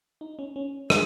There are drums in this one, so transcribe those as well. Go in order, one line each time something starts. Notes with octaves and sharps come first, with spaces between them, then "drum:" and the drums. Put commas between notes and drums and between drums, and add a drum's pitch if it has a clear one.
D#4
C#4
C#4
D#4 G#4, drum: rim click